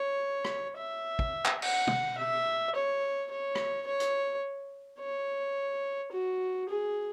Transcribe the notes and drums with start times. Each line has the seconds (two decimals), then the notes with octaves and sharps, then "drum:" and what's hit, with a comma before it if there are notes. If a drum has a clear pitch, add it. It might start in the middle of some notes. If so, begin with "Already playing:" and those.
Already playing: C#5
0.44 drum: rim click
0.78 E5
1.19 drum: kick
1.45 drum: clap
1.62 F#5, drum: cymbal
1.87 drum: tom
2.18 E5
2.75 C#5
3.31 C#5
3.55 drum: rim click
3.87 C#5
4.00 drum: hi-hat
5.00 C#5
6.12 F#4
6.69 G#4